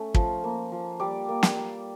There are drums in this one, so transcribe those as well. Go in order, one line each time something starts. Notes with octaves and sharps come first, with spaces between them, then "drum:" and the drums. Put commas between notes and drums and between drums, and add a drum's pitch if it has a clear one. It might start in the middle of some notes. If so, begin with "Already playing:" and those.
Already playing: A3 C#4
F3, drum: kick
A#3
F3
G3 D5
A#3
drum: snare
G3